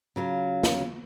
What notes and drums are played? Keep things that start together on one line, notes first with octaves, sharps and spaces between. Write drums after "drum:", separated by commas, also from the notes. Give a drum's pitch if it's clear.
C#3 F#3 F4
drum: snare